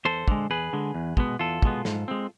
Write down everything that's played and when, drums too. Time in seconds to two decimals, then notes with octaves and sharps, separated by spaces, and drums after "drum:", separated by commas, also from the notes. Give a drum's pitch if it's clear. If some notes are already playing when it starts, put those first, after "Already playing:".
0.05 E2 A4 C5
0.28 D3 G#3, drum: kick
0.50 E2 G#4 B4
0.73 D3 G#3
0.94 E2
1.17 B2 G#3 B3, drum: kick
1.39 E2 F4 A4
1.62 B2 G#3 B3, drum: kick
1.85 G#2, drum: snare
2.08 G#3 C4